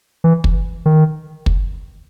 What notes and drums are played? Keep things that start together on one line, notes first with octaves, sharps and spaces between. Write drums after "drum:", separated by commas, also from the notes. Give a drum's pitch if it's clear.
E3
drum: kick
D#3
drum: kick